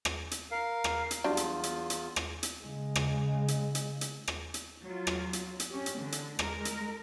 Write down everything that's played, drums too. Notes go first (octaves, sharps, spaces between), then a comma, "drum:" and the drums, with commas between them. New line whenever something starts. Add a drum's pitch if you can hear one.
drum: rim click
drum: hi-hat
A#4 F5
drum: rim click
drum: hi-hat
E2 F#3 G3 D4 F4
drum: hi-hat
drum: hi-hat
drum: hi-hat
drum: rim click
drum: hi-hat
C#3 G#3
drum: rim click
drum: hi-hat
drum: hi-hat
drum: hi-hat
drum: rim click
drum: hi-hat
F#3 F4
drum: rim click
drum: hi-hat
drum: hi-hat
C#4 G4
drum: hi-hat
D3
drum: hi-hat
G#3 A#4, drum: rim click
drum: hi-hat